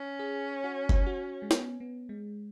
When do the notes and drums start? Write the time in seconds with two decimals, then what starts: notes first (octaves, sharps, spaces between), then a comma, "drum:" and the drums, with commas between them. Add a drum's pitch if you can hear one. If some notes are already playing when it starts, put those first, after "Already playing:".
Already playing: C#4
0.19 G#4
0.64 F#4
0.89 drum: kick
1.06 F#4
1.42 G#3
1.51 B3, drum: snare
1.80 B3
2.09 G#3